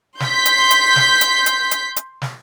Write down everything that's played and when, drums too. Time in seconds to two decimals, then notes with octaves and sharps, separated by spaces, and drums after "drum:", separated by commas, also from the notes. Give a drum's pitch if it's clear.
0.20 C6 G6 B6, drum: snare
0.46 drum: hi-hat
0.71 drum: hi-hat
0.96 drum: snare
1.21 drum: hi-hat
1.46 drum: hi-hat
1.71 drum: hi-hat
1.96 drum: hi-hat
2.22 drum: snare